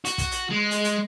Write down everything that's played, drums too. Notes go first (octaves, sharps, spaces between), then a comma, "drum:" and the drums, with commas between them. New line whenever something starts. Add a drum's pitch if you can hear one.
F#4, drum: hi-hat
drum: kick, hi-hat
drum: hi-hat
G#3
drum: hi-hat
drum: hi-hat